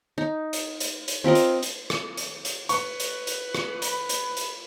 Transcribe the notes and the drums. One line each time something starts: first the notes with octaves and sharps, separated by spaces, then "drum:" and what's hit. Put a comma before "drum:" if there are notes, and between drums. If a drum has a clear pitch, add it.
D#4
drum: hi-hat
drum: hi-hat
drum: hi-hat
C4 F4 A#4 D#5
drum: hi-hat
drum: hi-hat
drum: rim click
drum: hi-hat
drum: hi-hat
B4 C#6, drum: hi-hat
drum: hi-hat
drum: hi-hat
drum: rim click
B5, drum: hi-hat
drum: hi-hat
drum: hi-hat